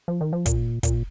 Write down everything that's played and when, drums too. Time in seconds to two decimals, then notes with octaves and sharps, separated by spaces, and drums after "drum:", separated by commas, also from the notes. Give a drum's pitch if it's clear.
0.08 F3
0.21 D#3
0.33 F3
0.46 A#2, drum: kick, hi-hat
0.83 A#2, drum: kick, hi-hat